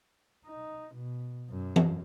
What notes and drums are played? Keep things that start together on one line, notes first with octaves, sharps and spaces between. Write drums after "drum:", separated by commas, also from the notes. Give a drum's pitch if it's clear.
D#4
B2
F#2
drum: tom E3